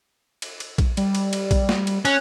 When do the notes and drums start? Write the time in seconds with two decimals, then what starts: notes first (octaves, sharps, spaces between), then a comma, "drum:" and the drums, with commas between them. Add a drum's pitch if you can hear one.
0.42 drum: cymbal
0.60 drum: cymbal
0.78 drum: kick A#1, cymbal
0.97 G3, drum: cymbal
1.15 drum: cymbal
1.33 drum: cymbal
1.51 drum: kick A#1, cymbal
1.69 drum: snare
1.87 drum: cymbal
2.05 C#4 F#6, drum: cymbal